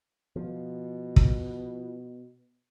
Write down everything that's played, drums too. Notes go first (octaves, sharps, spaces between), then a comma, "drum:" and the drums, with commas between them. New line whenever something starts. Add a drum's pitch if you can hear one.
B2 F3
drum: kick